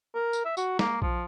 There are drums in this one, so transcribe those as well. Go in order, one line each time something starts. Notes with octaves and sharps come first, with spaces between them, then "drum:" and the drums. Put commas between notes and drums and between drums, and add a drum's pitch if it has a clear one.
A#4
drum: tambourine
E5
F#4, drum: tambourine
A#3, drum: snare
F3, drum: kick A#1